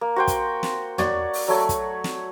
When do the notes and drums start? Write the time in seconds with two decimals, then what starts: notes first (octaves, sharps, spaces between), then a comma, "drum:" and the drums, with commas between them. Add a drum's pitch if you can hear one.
0.01 A#3
0.16 F#4 C5 G5
0.27 drum: kick, hi-hat
0.63 drum: snare
0.98 F#4 C#5 D5, drum: tom
1.34 drum: open hi-hat
1.48 F#3 A3 C#5 B5
1.69 drum: kick, hi-hat
2.04 drum: snare